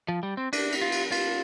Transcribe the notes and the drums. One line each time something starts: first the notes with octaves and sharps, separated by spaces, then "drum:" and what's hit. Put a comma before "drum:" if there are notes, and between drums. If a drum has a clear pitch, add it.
F3
G3
C4
D4, drum: cymbal
drum: cymbal
F4
drum: cymbal
F4, drum: cymbal